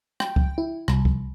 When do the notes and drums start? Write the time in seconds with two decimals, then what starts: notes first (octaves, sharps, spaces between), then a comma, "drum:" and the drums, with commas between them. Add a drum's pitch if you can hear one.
0.20 G5, drum: rim click
0.36 drum: kick
0.58 E4
0.88 C2, drum: rim click
1.05 drum: kick